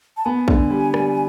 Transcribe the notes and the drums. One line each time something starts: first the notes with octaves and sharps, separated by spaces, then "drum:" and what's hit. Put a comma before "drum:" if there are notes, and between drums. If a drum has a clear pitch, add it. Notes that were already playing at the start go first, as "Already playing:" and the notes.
A5
B3 G#5
D3, drum: kick
G3
G3, drum: rim click